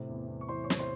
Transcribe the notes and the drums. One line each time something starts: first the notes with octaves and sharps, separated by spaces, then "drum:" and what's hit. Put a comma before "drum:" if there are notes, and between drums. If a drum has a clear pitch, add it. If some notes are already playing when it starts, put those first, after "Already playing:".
Already playing: A2 C3
E2
E2
C#6
E3 C5 C6
C#5 C#6
C3, drum: snare
C5 C6